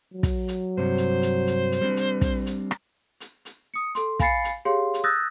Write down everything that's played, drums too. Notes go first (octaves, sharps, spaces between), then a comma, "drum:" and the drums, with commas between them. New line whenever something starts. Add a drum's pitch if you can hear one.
F#3
drum: kick, hi-hat
drum: hi-hat
G2 C3 C5
drum: hi-hat
drum: hi-hat
drum: hi-hat
drum: hi-hat
G3 C4 D4
drum: hi-hat
drum: kick, hi-hat
drum: hi-hat
drum: rim click
drum: hi-hat
drum: hi-hat
D#6 C#7
A4 C6, drum: hi-hat
F5 G#5 B5 A6 C7 C#7, drum: kick, hi-hat
drum: hi-hat
G4 G#4 C#5 F5 C6
drum: hi-hat
D#6 E6 F#6 G6 A6 A#6